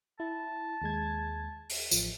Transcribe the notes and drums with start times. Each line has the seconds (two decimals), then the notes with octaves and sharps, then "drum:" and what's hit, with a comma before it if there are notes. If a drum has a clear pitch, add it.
0.20 E4 A5
0.82 D#2 G#3 G#6
1.70 drum: open hi-hat
1.91 A1 F3, drum: tambourine